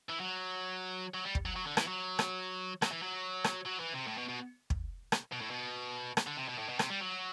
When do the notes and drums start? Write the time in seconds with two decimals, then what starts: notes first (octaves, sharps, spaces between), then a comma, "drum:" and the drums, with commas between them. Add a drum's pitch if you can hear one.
0.09 E3
0.20 F#3
1.14 F#3
1.25 G3
1.35 drum: kick
1.45 F#3
1.56 F#3
1.66 D3
1.77 E3, drum: rim click
1.87 F#3
2.19 drum: rim click
2.82 F#3, drum: rim click
2.92 E3
3.02 F#3
3.44 drum: rim click
3.65 F#3
3.79 E3
3.94 C3
4.07 A2
4.17 B2
4.28 B2
4.70 drum: kick
5.12 drum: rim click
5.33 B2
5.41 A2
5.51 B2
6.17 drum: rim click
6.27 D3
6.38 C3
6.49 B2
6.59 A2
6.69 B2
6.79 C3, drum: rim click
6.90 G3
7.01 F#3